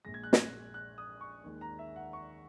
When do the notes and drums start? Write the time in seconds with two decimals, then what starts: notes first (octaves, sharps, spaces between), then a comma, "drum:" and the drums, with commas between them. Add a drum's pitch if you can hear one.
0.05 A#1 A#2 G#3 A#6
0.14 G#6
0.24 F#6
0.33 G#6, drum: snare
0.74 F#6
0.98 D#6
1.21 C#6
1.44 D#2 D#3 G#3
1.61 A#5
1.79 E5
1.96 F#5
2.13 C#6